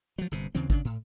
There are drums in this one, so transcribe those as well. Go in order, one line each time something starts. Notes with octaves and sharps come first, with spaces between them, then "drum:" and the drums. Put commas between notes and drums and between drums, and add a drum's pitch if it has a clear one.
F3 F#3
G1 G2 C3
D#2 C#3 E3 C4
C#3 D4, drum: kick
A2